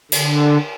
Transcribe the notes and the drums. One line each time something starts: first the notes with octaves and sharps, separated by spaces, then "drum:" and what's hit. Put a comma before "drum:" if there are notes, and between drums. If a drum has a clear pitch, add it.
D3, drum: cymbal